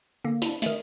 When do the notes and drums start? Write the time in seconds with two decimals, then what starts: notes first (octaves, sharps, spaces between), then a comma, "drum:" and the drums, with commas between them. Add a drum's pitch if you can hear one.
0.24 D3 A#3
0.42 D4 E4, drum: hi-hat
0.62 D#3 A3, drum: hi-hat